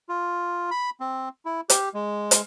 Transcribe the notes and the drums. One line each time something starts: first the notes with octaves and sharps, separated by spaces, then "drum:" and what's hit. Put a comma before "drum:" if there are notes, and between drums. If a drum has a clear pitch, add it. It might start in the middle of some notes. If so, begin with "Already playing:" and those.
F4
B5
C4
E4
G4, drum: hi-hat
G#3
drum: hi-hat